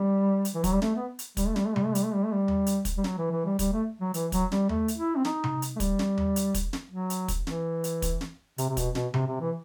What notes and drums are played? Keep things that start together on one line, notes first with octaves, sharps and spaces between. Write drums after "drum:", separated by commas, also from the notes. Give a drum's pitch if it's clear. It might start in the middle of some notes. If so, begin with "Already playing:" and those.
Already playing: G3
drum: hi-hat
E3
F#3, drum: kick, hi-hat
G3
A3, drum: snare
B3
drum: hi-hat
G3, drum: kick, hi-hat
A3
G3, drum: snare
A3
G3, drum: tom C3
A3
G3, drum: hi-hat
A3
G3
A3
G3
drum: tom D#2
drum: hi-hat
drum: kick, hi-hat
G3
F#3, drum: snare
E3
E3
G3
G3, drum: kick, hi-hat
A3
F#3
E3, drum: hi-hat
F#3, drum: kick, hi-hat
G3, drum: snare
A3, drum: tom D#2
drum: hi-hat
E4
C4
D#4, drum: snare
drum: tom C3
drum: hi-hat
A3
G3, drum: kick, hi-hat
drum: snare
drum: tom D#2
drum: hi-hat
drum: kick, hi-hat
drum: snare
F#3
drum: hi-hat
drum: kick, hi-hat
E3, drum: snare
drum: hi-hat
drum: kick, hi-hat
drum: snare
C3, drum: hi-hat
C3
B2, drum: kick, hi-hat
B2, drum: snare
C3, drum: tom C3
C3
E3